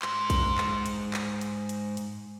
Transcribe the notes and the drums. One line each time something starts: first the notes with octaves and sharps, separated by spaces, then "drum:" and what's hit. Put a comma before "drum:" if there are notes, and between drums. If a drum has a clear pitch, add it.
G#2 C6, drum: clap
drum: kick A#1, hi-hat
drum: clap
drum: hi-hat
drum: clap
drum: hi-hat
drum: hi-hat
drum: hi-hat